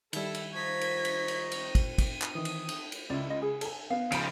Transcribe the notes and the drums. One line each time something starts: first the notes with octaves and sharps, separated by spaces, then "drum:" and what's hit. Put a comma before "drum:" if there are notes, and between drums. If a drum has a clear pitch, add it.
D#3 G3 E4 A4, drum: cymbal
drum: cymbal
F3 D#4 C#6 G#6 B6
drum: cymbal
drum: cymbal
drum: cymbal
C4 D#7, drum: cymbal
drum: kick, cymbal
drum: kick, cymbal
drum: clap
D#3 E3 D#6
drum: cymbal
drum: cymbal
drum: cymbal
C#2 E4 F4 D5
F4 D#5
G#4
A4 G#5, drum: cymbal
B3 F5
C#3 F3 B5 D7, drum: cymbal